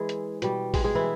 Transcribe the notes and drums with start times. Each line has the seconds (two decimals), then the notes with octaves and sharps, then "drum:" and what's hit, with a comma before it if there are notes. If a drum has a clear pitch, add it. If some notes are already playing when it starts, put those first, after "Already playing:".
Already playing: E3 G#3 E4 G#4
0.09 drum: hi-hat
0.42 B2 G3, drum: hi-hat
0.74 G#3 G#4, drum: kick A1, open hi-hat
0.84 G#3 G#4
0.95 E3 E4